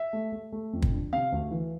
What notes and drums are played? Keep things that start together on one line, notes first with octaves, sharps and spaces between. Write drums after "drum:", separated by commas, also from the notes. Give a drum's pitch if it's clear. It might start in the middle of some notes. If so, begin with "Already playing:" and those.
Already playing: E5
A3
A3
A3
F2
drum: kick
D3
C3 F5
D2
E3